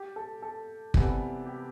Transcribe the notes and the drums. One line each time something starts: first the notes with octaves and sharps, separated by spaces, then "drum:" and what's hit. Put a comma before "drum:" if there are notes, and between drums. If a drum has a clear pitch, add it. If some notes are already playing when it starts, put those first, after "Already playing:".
Already playing: G4
A4
A4
C3 E3 G3 B3, drum: kick
G4